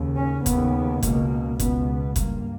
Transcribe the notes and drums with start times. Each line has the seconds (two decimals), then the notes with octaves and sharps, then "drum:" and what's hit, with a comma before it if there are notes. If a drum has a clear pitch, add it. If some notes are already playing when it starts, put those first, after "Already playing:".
Already playing: D#2 C#3
0.18 C#4
0.46 D#2 C#3 B3, drum: kick F#1, hi-hat
1.03 C#2 B2 A#3, drum: kick F#1, hi-hat
1.60 C#2 B2 B3, drum: kick F#1, hi-hat
2.16 G2 A#3, drum: kick F#1, hi-hat